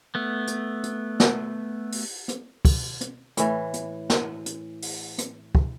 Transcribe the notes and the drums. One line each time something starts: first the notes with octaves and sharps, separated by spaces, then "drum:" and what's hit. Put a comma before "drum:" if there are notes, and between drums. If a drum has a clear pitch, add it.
A3 B3
drum: hi-hat
drum: hi-hat
drum: snare
drum: open hi-hat
drum: hi-hat
drum: kick, open hi-hat
drum: hi-hat
A2 E3, drum: hi-hat
drum: hi-hat
drum: snare
drum: hi-hat
drum: open hi-hat
drum: hi-hat
drum: kick